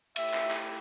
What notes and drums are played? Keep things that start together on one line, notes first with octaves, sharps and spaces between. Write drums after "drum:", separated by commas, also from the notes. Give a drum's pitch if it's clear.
A3 E4 G4 E5, drum: cymbal
drum: clap
drum: clap